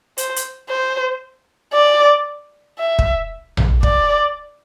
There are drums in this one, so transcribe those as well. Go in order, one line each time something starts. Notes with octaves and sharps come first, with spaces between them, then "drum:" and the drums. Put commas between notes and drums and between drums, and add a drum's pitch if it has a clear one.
C5, drum: hi-hat
drum: hi-hat
C5
D5
E5
drum: kick
drum: tom A#1
D5, drum: kick